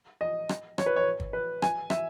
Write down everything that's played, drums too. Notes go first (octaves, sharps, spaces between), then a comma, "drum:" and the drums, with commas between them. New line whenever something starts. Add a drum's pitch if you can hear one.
D#5
drum: rim click
C#5, drum: rim click
B4
C#5
drum: kick
B4
G#5, drum: rim click
E5, drum: rim click